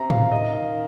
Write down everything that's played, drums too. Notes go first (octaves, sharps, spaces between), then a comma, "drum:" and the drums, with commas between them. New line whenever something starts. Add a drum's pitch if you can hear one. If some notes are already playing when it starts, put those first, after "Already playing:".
Already playing: C3 A#5
F5, drum: tom A2
D#3 D#5
F5